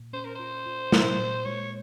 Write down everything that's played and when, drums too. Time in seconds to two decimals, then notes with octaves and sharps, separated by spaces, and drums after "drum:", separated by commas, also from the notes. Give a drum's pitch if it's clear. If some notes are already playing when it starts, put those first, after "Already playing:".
Already playing: A#2
0.13 C#4 C5
0.25 A#4
0.35 F4 C5
0.66 F4
0.92 A#2, drum: snare
1.19 A#2
1.45 G#3 C#5